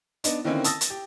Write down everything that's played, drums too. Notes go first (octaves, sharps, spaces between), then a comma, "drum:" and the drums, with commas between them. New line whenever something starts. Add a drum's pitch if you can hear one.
B3 D4 D#4, drum: hi-hat
D3 D#3 A#3 C4 C#4 E4
A5 D#6 E6 A6 A#6, drum: hi-hat
drum: hi-hat
G4